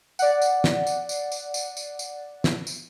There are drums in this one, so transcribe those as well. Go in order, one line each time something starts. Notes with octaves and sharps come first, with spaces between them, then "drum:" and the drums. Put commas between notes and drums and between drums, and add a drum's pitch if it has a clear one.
D5 F#5, drum: tambourine
drum: tambourine
drum: snare
drum: tambourine
drum: tambourine
drum: tambourine
drum: tambourine
drum: tambourine
drum: tambourine
drum: snare
drum: tambourine